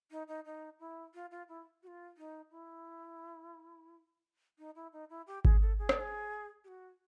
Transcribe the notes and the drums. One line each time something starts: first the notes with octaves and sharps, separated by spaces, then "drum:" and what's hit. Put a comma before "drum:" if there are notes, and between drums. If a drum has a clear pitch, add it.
D#4
D#4
D#4
E4
F4
F4
E4
F#4
F4
D#4
E4
D#4
E4
D#4
E4
G4
G#4, drum: kick G#1
A4
G#4
A4, drum: rim click
G#4
G4
F#4